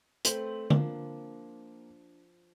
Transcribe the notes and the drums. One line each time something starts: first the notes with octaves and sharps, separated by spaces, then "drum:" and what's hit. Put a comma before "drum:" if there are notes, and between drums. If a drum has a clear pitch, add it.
A3 C4 B4 C5 F#7, drum: hi-hat
F3 A#3 D4, drum: tom D3